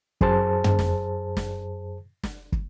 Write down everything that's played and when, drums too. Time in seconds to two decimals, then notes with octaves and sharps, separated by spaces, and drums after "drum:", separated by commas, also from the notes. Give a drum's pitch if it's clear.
0.21 F#2 G#4 C5 A5, drum: kick
0.64 drum: tom
0.79 drum: snare
1.37 drum: snare
2.23 drum: snare
2.52 drum: kick